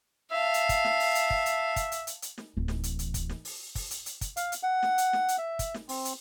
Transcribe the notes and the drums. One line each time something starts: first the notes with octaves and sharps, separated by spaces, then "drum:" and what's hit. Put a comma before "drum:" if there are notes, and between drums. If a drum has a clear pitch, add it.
E5 F5 A5
drum: hi-hat
drum: kick, hi-hat
drum: snare
drum: open hi-hat
drum: hi-hat
drum: kick
drum: hi-hat
drum: kick, hi-hat
drum: hi-hat
drum: hi-hat
drum: hi-hat
drum: snare
D1 E3
drum: snare
drum: hi-hat
drum: hi-hat
drum: kick, hi-hat
drum: snare
drum: open hi-hat
drum: kick, open hi-hat
drum: hi-hat
drum: hi-hat
drum: kick, hi-hat
F5, drum: hi-hat
drum: hi-hat
F#5
drum: snare
drum: hi-hat
drum: snare
drum: hi-hat
E5
drum: kick, hi-hat
drum: snare
C4, drum: open hi-hat
drum: hi-hat